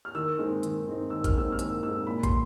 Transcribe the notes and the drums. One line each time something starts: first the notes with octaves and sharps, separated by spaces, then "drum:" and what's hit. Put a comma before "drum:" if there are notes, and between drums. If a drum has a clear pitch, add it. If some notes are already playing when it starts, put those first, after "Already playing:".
F6
D#3 E6
G#3 C4 D#4
D#3, drum: hi-hat
G#3 C4 D#4
D#3 E6
F6, drum: kick, hi-hat
G#3 C4 D#4 E6
F6
D#3 E6, drum: hi-hat
G#3 C4 D#4 E6
A#2 B5
C6, drum: kick, hi-hat